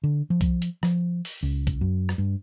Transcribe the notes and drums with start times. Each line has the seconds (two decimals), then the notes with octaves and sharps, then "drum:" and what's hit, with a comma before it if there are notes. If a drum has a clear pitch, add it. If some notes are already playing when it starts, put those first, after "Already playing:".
0.04 D3
0.30 F3
0.41 drum: kick B1, hi-hat
0.62 drum: hi-hat
0.83 F3, drum: rim click
1.25 drum: open hi-hat
1.43 C#2
1.67 drum: kick B1, hi-hat
1.81 F#2
2.09 drum: rim click
2.18 G2